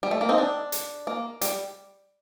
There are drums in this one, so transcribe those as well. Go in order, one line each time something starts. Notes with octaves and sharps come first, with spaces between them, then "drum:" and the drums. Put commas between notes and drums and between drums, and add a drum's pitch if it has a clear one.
G3
A3
A#3
C4 D#4
D4
drum: hi-hat
A#3
G3, drum: hi-hat